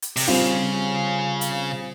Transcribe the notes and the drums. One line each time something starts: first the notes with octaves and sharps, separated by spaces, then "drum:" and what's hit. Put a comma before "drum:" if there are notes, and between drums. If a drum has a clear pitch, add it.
drum: hi-hat
C3, drum: open hi-hat
C#3 G3 C4 F4
drum: hi-hat